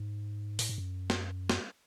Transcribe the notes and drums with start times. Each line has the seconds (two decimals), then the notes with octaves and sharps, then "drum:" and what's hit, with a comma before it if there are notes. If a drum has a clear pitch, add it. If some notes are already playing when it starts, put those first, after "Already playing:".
Already playing: G#2
0.59 A2, drum: open hi-hat
0.69 G#2
0.78 F#2
1.10 drum: snare
1.50 drum: snare